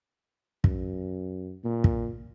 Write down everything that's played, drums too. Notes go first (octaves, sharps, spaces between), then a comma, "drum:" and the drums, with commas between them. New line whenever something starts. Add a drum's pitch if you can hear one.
F#2, drum: kick
A#2
drum: kick